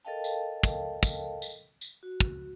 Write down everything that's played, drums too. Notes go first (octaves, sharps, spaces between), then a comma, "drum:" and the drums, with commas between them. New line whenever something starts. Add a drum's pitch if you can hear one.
A4 A#4 D#5 F5 G5 A5
drum: tambourine
drum: kick, tambourine
drum: kick, tambourine
drum: tambourine
drum: tambourine
F#4
drum: kick